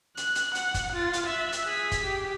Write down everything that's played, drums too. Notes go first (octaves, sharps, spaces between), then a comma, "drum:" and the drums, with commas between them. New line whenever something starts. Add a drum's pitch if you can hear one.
F#6, drum: hi-hat
drum: hi-hat
F#5, drum: hi-hat
drum: kick, hi-hat
F4 A6
drum: hi-hat
E5 F#6
drum: hi-hat
G#4 B6
drum: kick, hi-hat
G4